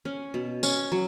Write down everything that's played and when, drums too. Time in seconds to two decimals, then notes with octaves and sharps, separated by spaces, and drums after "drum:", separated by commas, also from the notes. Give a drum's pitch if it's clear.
0.05 C#4
0.34 B2
0.63 C#4, drum: tambourine
0.92 F#3